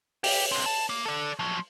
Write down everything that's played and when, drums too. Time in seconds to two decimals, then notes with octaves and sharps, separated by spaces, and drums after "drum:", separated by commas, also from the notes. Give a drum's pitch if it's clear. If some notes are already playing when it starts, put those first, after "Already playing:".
0.24 G4, drum: open hi-hat
0.52 D3 C4
0.66 A5
0.89 A#3
1.05 A4 D5
1.39 F3 F#3